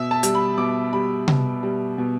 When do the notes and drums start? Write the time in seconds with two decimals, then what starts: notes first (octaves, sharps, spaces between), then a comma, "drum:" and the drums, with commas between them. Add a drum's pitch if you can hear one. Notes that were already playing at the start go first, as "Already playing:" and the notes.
Already playing: B2 E5
0.11 A5
0.23 G3, drum: hi-hat
0.35 B5
0.58 B2 D6
0.93 G3 B5
1.28 B2, drum: tom C3
1.63 G3
1.98 B2